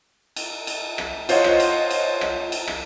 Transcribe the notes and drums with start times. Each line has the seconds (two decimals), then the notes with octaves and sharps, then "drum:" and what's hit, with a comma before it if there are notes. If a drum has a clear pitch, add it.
0.36 drum: cymbal
0.67 drum: cymbal
0.98 drum: rim click
1.29 F4 C5 C#5 D#5 F#5, drum: cymbal
1.44 drum: rim click
1.60 drum: cymbal
1.90 drum: cymbal
2.21 drum: rim click
2.52 drum: cymbal
2.67 drum: rim click